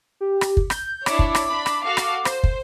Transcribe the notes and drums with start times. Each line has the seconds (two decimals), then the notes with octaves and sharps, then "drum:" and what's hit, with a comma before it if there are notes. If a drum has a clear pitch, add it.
0.21 G4
0.41 drum: rim click
0.57 drum: kick
0.70 G6, drum: rim click
1.06 D4 E4 C#5 D6, drum: rim click
1.19 drum: kick
1.35 drum: rim click
1.50 D4 B5
1.66 drum: rim click
1.85 F#4 A4 F5
1.97 drum: rim click
2.25 C5, drum: rim click
2.44 drum: kick